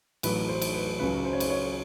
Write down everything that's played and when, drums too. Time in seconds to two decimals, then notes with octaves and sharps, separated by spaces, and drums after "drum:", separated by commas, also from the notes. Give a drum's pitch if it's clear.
0.23 A1 A2 F#3 B4, drum: cymbal
0.49 C5
0.62 drum: cymbal
0.74 B4
0.99 C#2 C#3 F#3 B4
1.25 C5
1.33 C#5
1.40 C5, drum: cymbal
1.50 C#5